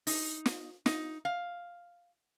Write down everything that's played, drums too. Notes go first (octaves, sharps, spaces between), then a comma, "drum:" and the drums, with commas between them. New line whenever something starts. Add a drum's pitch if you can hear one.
D#4, drum: open hi-hat
drum: snare
D#4, drum: snare
F5